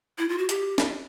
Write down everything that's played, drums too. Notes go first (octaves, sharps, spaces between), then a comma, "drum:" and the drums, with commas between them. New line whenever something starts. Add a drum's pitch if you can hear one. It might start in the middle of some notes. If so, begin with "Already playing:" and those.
E4
F4
F#4
G4, drum: hi-hat
drum: snare